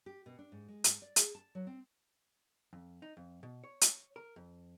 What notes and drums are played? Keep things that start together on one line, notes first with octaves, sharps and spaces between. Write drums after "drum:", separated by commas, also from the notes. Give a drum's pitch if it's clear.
G4
B2
D4
G#2
G#3
G#2, drum: hi-hat
D5
G#4, drum: hi-hat
A5
F#3
C4
F2
D#4
F2
B2
C#5
drum: hi-hat
A#4
F2